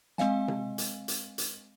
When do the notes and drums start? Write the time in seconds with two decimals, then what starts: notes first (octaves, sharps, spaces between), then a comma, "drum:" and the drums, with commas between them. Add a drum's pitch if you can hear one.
0.18 G#3 C4 D#5 F5 G#5, drum: snare
0.48 drum: tom C3
0.78 drum: hi-hat
1.08 drum: hi-hat
1.38 drum: hi-hat